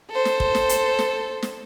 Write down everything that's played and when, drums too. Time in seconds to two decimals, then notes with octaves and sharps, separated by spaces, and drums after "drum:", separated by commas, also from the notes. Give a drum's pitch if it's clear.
0.11 A4 C5
0.25 drum: snare
0.40 drum: kick
0.55 drum: snare
0.69 drum: hi-hat
0.99 drum: snare
1.42 drum: snare